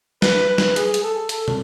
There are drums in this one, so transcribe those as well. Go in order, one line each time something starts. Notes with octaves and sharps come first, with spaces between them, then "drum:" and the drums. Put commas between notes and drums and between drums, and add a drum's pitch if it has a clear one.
B4, drum: snare
B4
drum: snare
G#4, drum: hi-hat
drum: hi-hat
A4
A4, drum: hi-hat
drum: tom